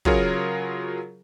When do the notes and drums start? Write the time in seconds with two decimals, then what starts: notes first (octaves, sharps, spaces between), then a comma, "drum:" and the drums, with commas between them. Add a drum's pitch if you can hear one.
0.05 C#3 F#3 F4 G#4 A#4 C#5, drum: kick